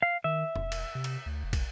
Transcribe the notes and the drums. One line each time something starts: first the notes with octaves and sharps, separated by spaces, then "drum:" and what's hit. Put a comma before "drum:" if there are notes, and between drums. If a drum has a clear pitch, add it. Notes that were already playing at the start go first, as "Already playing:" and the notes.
F5
D#3 E5
E1, drum: tom
drum: cymbal
C3
drum: cymbal
D2
F1
drum: kick, cymbal